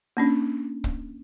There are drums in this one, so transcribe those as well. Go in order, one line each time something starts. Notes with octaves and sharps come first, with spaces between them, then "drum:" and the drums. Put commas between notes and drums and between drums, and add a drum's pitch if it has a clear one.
A#3 C#4 D4
drum: kick